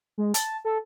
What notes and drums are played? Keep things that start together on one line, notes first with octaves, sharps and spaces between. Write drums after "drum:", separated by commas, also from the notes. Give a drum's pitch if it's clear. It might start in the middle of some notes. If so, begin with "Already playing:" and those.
G#3
A5, drum: hi-hat
A4